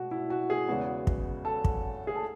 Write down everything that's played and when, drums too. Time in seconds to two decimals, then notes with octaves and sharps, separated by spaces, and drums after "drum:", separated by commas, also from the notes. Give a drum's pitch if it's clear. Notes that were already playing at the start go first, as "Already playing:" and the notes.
Already playing: B2 G#3 B3 F#4
0.11 E4
0.30 F#4
0.50 G#4
0.68 E2 C#3 G#3 B3 F#4
1.07 drum: kick
1.45 A4
1.64 drum: kick
2.07 G#4
2.15 A4